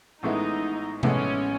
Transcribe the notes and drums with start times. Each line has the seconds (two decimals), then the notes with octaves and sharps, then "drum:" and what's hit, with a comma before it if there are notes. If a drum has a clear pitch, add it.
0.23 A1 A2 G#3 B3 D#4 E4
1.03 A1 A2 G#3 B3 C#4 E4, drum: tom C3